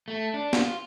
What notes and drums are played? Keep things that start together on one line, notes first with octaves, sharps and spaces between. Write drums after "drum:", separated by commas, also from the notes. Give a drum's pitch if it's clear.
A3
D4
F4, drum: snare